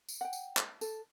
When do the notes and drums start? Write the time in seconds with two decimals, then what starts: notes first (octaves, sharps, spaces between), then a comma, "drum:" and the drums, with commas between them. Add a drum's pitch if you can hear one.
0.09 drum: tambourine
0.21 F#5 G5
0.33 drum: tambourine
0.57 drum: clap
0.81 A4, drum: tambourine